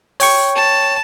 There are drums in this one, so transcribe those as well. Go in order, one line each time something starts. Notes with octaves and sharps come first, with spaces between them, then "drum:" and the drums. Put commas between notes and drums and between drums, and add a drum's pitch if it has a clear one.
C#5 G5 C#6, drum: open hi-hat
A5